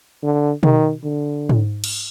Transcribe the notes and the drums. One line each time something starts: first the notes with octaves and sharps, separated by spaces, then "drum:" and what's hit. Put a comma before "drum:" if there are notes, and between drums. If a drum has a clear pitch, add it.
D3
D#3, drum: tom B2
D3
drum: tom G#2
drum: cymbal